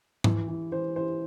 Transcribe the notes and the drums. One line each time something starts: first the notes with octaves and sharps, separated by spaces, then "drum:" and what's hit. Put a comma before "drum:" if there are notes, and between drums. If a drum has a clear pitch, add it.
E3, drum: tom G#2
E3
E3 C5
E3 C5